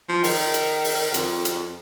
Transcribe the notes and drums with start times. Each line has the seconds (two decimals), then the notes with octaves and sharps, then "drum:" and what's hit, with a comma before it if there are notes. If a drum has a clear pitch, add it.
0.09 F3
0.24 D#3, drum: open hi-hat
0.54 drum: hi-hat
0.84 drum: open hi-hat
1.14 F2, drum: hi-hat
1.45 drum: hi-hat